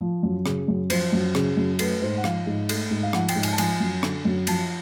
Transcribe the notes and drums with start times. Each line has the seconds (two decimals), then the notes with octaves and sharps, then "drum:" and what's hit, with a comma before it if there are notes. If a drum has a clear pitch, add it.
0.01 F3
0.23 F#2
0.46 C#3, drum: rim click
0.68 F#2
0.90 F3 C5, drum: cymbal
1.12 F#2
1.35 C#3, drum: rim click
1.57 F#2
1.79 A3 B4, drum: cymbal
2.02 G#2 C5
2.17 F#5
2.24 F3 F5, drum: rim click
2.46 G#2
2.69 A3, drum: cymbal
2.91 G#2
3.03 F5
3.13 F3 F#5, drum: rim click
3.29 G5, drum: cymbal
3.35 G#2
3.43 G#5, drum: cymbal
3.52 A5
3.58 F3 G#5, drum: cymbal
3.80 F#2
4.03 D3, drum: rim click
4.25 F#2
4.47 F3 A5, drum: cymbal